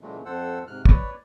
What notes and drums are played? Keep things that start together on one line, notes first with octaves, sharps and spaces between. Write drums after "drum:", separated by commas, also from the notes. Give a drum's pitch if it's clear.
A#2 C#3 E3 F#3 G#3 A3
F2 A4 C5 F#5 E6
G#2 C3 F6 F#6
B4 C#5 D5, drum: kick